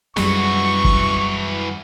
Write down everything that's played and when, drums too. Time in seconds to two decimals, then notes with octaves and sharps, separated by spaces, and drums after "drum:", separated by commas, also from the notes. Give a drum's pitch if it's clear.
0.16 F#2 E3 G3 G#3 F#4 C#6, drum: snare
0.84 drum: kick